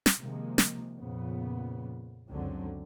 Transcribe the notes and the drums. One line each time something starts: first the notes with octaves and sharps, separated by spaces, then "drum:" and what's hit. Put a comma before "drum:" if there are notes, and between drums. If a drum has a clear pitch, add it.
drum: snare
C3 D#3 F3 G#3 A#3
drum: snare
F2 A#2 C#3 F3 B3
C#2 F#2 D3 F#3 C4